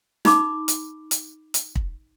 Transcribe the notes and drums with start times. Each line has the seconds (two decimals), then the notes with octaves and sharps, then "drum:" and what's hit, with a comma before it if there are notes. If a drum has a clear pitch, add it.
0.25 D#4 B5 D6, drum: snare
0.68 drum: hi-hat
1.11 drum: hi-hat
1.54 drum: hi-hat
1.76 drum: kick